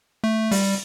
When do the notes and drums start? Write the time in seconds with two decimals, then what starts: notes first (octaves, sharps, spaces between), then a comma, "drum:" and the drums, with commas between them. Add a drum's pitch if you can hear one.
0.24 A3
0.51 G3, drum: open hi-hat